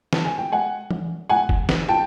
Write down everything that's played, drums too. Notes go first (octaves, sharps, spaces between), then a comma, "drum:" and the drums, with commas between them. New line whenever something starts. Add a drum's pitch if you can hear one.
A5, drum: snare
G#5
G5
F#5 G#5
drum: tom E3
F#5 G#5
drum: kick
drum: snare
G5 A5